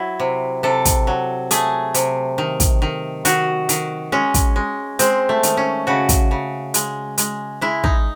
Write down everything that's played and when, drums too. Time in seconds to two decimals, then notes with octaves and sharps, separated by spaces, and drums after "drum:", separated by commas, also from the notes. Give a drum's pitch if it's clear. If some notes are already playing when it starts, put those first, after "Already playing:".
Already playing: F#3 E4
0.20 C3
0.63 C3 A4
0.85 drum: kick, hi-hat
1.07 F#3
1.51 A3 G#4, drum: hi-hat
1.94 C3, drum: hi-hat
2.38 D#3
2.60 drum: kick, hi-hat
2.82 D#3
3.25 D#3 F#4, drum: hi-hat
3.69 D#3, drum: hi-hat
4.12 G#3 C#4
4.34 drum: kick, hi-hat
4.56 G#3
4.99 G#3 C4, drum: hi-hat
5.29 A3
5.43 D#3, drum: hi-hat
5.57 C#4
5.87 C#3 F#4
6.09 drum: kick, hi-hat
6.31 C#3
6.74 G#3, drum: hi-hat
7.18 G#3, drum: hi-hat
7.61 G#3 E4
7.84 D#4, drum: kick